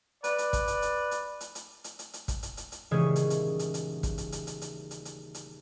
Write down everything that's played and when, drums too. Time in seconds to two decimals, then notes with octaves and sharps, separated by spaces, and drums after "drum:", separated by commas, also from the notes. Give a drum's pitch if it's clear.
0.24 B4 D5, drum: hi-hat
0.38 drum: hi-hat
0.53 drum: kick, hi-hat
0.68 drum: hi-hat
0.82 drum: hi-hat
1.11 drum: hi-hat
1.41 drum: hi-hat
1.55 drum: hi-hat
1.84 drum: hi-hat
1.99 drum: hi-hat
2.13 drum: hi-hat
2.28 drum: kick, hi-hat
2.43 drum: hi-hat
2.57 drum: hi-hat
2.72 drum: hi-hat
2.91 D#1 C#3 E3 G#3 G#4 C#6
3.16 drum: hi-hat
3.30 drum: hi-hat
3.59 drum: hi-hat
3.74 drum: hi-hat
4.03 drum: kick, hi-hat
4.18 drum: hi-hat
4.32 drum: hi-hat
4.47 drum: hi-hat
4.62 drum: hi-hat
4.91 drum: hi-hat
5.05 drum: hi-hat
5.34 drum: hi-hat